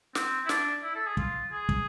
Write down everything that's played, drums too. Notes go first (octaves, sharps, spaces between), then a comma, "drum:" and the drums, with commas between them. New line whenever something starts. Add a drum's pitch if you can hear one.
C4, drum: snare
E4
D4, drum: snare
E4
A4
G#4
F4, drum: kick
G#4
drum: kick